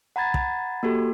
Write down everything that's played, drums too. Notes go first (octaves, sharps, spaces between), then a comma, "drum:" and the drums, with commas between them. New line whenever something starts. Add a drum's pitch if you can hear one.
F#5 A#5 B5 G#6 A6
drum: kick
A#3 F#4 G4 A4